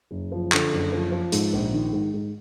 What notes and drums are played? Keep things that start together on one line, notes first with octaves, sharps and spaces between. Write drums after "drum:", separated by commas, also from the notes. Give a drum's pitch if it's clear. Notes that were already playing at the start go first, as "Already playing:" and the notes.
F#1
F3
D3, drum: clap
F#1
F3
F3
G#2, drum: hi-hat
A#1
D#3
G#2
G#2